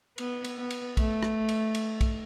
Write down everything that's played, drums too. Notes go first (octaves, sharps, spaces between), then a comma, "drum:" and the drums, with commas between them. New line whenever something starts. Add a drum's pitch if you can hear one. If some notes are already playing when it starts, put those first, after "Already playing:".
B3, drum: cymbal
drum: cymbal
B3
drum: cymbal
A3, drum: kick, cymbal
drum: rim click
drum: cymbal
drum: cymbal
drum: kick, cymbal